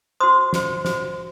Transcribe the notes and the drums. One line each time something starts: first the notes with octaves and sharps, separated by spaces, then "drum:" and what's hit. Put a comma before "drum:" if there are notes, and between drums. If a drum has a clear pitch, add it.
F#4 C5 C6 D#6
F#4 C5, drum: snare
F#4 C5, drum: snare